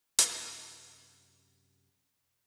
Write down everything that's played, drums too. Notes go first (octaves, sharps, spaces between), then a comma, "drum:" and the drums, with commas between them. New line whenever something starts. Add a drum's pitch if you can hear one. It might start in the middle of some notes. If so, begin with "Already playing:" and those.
F#2 C3, drum: hi-hat